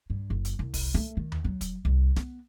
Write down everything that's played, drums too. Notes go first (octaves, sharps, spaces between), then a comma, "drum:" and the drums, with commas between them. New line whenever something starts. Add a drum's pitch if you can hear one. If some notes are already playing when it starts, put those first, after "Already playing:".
G2
F#1
drum: hi-hat
C2
drum: kick, open hi-hat
A3
D#3
drum: tom D#2
F#3
drum: kick, hi-hat
C2
B3, drum: snare